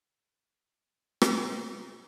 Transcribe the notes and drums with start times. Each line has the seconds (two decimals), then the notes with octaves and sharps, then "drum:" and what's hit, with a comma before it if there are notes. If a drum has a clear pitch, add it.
0.14 A5 C#6 C7 F7
1.22 drum: rim click